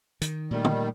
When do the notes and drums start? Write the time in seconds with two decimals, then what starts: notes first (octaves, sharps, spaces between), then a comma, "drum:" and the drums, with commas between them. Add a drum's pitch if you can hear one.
0.22 D#3, drum: hi-hat
0.51 A#2 D#3 G3 A3
0.65 drum: tom